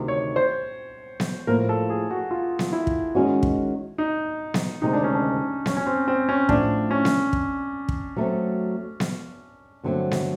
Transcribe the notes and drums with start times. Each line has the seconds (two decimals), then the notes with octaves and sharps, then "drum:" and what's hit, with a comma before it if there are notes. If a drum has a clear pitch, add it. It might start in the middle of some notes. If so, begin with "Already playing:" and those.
Already playing: D2 C3 D#3
0.08 C#5
0.36 C5
1.20 drum: snare B3
1.47 A2 F3 A#3 A#4
1.69 A4
1.90 G#4
2.11 F#4
2.31 F4
2.59 drum: snare B3
2.72 E4
2.87 drum: kick
3.15 D#3 G#3 C#4 F#4
3.43 drum: kick
3.98 D#4
4.54 drum: snare B3
4.82 D2 C3 D#3 G#3 C4 D#4
4.93 D4
5.04 C#4
5.15 D4
5.66 C#4, drum: snare B3
5.77 C#4
5.87 C4
6.08 C4
6.29 C#4
6.49 A2 F3 A3 D4, drum: kick
6.91 C#4
7.05 drum: snare B3
7.33 drum: kick
7.89 drum: kick
8.17 F#3 A3 C4
9.00 drum: snare B3
9.83 G2 D3 F#3 A3 C4
10.11 drum: snare B3